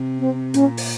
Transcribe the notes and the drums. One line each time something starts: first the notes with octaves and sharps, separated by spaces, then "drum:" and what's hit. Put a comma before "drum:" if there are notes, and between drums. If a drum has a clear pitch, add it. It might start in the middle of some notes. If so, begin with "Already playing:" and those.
Already playing: C3
C4
A#2 C#4, drum: hi-hat
drum: open hi-hat